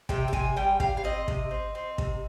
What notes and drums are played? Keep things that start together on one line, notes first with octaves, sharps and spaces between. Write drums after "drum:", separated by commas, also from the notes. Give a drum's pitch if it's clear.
C3 G5, drum: kick
G5
C3 G#5, drum: kick
G3 G5
G3 F5, drum: kick
F5
C4 D#5
C3, drum: kick
C4
C4
C3, drum: kick